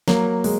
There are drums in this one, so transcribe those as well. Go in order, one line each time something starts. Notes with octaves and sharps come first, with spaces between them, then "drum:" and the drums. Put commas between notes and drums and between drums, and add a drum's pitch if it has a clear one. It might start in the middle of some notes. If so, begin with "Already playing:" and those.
F#3 A#3, drum: snare
G#3, drum: open hi-hat